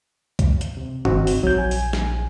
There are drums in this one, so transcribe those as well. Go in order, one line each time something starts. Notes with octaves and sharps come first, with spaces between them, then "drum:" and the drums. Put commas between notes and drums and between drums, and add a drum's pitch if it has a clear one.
drum: kick, hi-hat
drum: hi-hat
C3
F#1 C4 D#4 F#4, drum: tom G2
drum: open hi-hat
A#1 F#3 G6
G#5
drum: open hi-hat
drum: snare